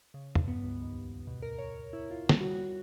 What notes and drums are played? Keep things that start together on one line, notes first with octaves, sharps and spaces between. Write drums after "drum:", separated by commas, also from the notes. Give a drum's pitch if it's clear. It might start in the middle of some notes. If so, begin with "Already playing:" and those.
C#3
G2, drum: tom
B3
C#2
D#2
B2
A#4
C#5
E4
F4
G3, drum: snare
F#4